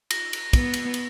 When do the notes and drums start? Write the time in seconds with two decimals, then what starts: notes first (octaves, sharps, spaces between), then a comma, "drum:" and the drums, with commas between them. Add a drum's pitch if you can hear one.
0.11 A#6, drum: cymbal
0.33 drum: cymbal
0.53 B3, drum: kick, cymbal
0.74 drum: cymbal
0.94 drum: cymbal